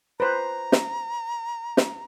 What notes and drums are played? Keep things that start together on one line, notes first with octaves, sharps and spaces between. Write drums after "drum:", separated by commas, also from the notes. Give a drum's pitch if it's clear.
B4 C5 A#5
drum: snare
drum: snare